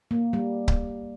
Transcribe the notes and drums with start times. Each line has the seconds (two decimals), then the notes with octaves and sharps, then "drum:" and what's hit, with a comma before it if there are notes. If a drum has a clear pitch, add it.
0.11 A#3
0.33 G3
0.68 drum: kick C#1